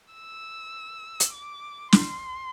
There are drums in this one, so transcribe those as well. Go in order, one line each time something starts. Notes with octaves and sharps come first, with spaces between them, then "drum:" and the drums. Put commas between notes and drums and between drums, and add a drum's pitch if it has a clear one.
E6
drum: hi-hat
D6
C6, drum: snare